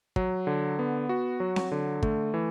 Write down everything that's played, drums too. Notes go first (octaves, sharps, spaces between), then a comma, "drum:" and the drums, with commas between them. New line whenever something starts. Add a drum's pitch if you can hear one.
F#3, drum: kick
D3
B3
F#4
F#3
drum: snare C4
D3
A3, drum: kick
E3